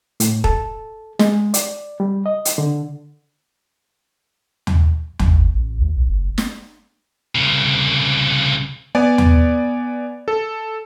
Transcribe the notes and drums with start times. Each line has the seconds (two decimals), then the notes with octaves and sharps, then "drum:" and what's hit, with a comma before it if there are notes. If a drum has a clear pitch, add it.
0.20 A2, drum: hi-hat
0.44 A4, drum: kick
1.19 G#3, drum: snare
1.54 D5, drum: hi-hat
2.00 G3
2.26 D#5
2.45 drum: hi-hat
2.58 D3
4.67 drum: tom
5.19 G#1, drum: tom
5.37 G1
5.55 A1
5.80 D2
5.96 A#1
6.08 F#1
6.38 drum: snare
7.35 C2 C#3
8.95 B3 D5 G#5
9.18 drum: tom
10.28 A4